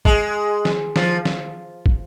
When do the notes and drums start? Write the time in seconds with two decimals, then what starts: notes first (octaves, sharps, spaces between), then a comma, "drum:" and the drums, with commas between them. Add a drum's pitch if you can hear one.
0.05 G#3, drum: kick
0.65 drum: snare
0.96 F3, drum: snare
1.25 drum: snare
1.86 drum: kick